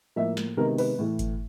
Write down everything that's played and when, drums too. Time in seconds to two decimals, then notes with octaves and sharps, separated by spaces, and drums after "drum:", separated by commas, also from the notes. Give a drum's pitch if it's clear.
0.16 A2 F3 A#3 E5
0.37 drum: snare
0.57 C3 D#3 G#3 B3 A#4
0.78 B4, drum: open hi-hat
0.99 A2 E3 A3
1.19 drum: kick G1, hi-hat